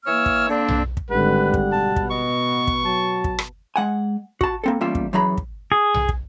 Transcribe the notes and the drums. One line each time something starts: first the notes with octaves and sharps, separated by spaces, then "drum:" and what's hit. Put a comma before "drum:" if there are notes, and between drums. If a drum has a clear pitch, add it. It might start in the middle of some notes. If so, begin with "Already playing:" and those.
E3 A#3 C#5 E6 F6
drum: kick
D3 A#3 C4 D4
drum: tom B1
drum: kick
G#1 D3 G3 B4 F#5
drum: kick
B2 B3 A5
drum: kick
D#5 C#6
drum: kick
F#3 A5
drum: kick
drum: rim click
G#3 F#5 G#5
F#4 A5, drum: kick
A#3 C4 A4
E2 G3 A#3 C#4 F4 E5
drum: kick
F#2 E3 F#3 G#4 A#5 B5
drum: kick
G#4
drum: tom B1
drum: kick